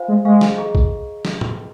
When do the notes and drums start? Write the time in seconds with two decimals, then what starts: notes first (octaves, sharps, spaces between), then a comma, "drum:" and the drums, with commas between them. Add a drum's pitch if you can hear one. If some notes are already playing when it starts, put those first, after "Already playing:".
Already playing: F4 C5 F5 G#5
0.08 G#3
0.25 G#3 C5 F5 G#5 C#6
0.41 drum: snare
0.58 G#4 D#5 A#5 C#6
0.75 drum: kick
1.25 drum: snare
1.41 drum: tom